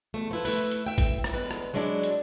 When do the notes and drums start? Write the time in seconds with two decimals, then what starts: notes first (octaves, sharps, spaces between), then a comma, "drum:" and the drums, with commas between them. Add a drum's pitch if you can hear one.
0.14 E2 A3
0.31 F3 E4 B4
0.45 A3 E4 B4, drum: open hi-hat
0.71 drum: hi-hat
0.87 E5 G5
0.98 drum: kick G#1, hi-hat
1.24 drum: rim click
1.34 E2 A2 D3 G#3 B4
1.51 drum: rim click
1.74 F#3 G#3 D4 E4 A#4 D5
2.03 drum: hi-hat